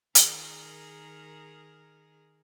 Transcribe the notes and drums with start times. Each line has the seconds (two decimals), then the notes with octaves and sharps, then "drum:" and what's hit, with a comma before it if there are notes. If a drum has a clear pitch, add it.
0.15 D#3 G#4 A#4, drum: hi-hat